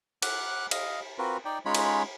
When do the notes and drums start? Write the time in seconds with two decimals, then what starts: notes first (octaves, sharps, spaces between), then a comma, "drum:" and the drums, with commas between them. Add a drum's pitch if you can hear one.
0.22 F#5 D6 F6 F#6, drum: cymbal
0.71 D#5 F5, drum: cymbal
1.18 C4 F4 F#4 A#4 B4
1.45 D#4 D5 G5
1.65 G#3 C#4 D#4 F4 C#5 B5
1.75 drum: cymbal